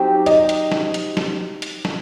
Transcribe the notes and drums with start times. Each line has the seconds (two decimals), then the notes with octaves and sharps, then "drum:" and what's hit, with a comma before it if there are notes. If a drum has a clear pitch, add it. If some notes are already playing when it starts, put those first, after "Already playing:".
Already playing: F#3 C4 D#4 G4
0.26 D#5, drum: hi-hat
0.49 drum: hi-hat
0.72 drum: snare
0.94 drum: hi-hat
1.17 drum: snare
1.62 drum: hi-hat
1.85 drum: snare